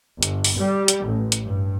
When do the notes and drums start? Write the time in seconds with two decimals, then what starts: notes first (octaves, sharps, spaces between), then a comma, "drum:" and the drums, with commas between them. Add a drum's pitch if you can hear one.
0.23 G1, drum: hi-hat
0.44 drum: open hi-hat
0.58 G3
0.88 drum: hi-hat
1.07 A1
1.32 drum: hi-hat
1.45 G2